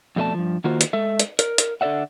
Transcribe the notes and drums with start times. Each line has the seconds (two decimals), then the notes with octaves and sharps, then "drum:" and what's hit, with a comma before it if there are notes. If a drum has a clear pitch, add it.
0.16 F2 B2 A3 E4 D5 A5
0.34 G2 F3
0.64 D#3 A#3 F4 F#4 C5
0.81 drum: hi-hat
0.93 G#3 A4 E5
1.20 drum: hi-hat
1.39 A#4, drum: hi-hat
1.58 drum: hi-hat
1.81 D3 A4 C5 D5 E5 F#5